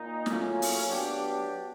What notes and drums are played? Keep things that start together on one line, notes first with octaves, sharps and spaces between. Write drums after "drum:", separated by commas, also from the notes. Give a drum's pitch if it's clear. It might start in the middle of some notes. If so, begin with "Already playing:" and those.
Already playing: A#2 D#4
A2 F#3 A#3 C#4 F4, drum: snare
drum: open hi-hat
F#3 B3 D4 G4